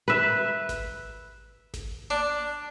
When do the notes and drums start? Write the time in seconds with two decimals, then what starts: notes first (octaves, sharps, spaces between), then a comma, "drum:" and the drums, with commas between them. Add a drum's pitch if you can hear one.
0.08 B4 E5
0.69 drum: snare G#1
1.74 drum: snare G#1
2.10 D4